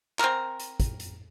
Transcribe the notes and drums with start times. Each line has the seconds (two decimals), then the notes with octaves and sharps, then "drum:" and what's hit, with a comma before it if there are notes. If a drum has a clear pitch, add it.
0.19 C4 A#4, drum: clap
0.59 drum: hi-hat
0.80 drum: kick, hi-hat
1.00 drum: hi-hat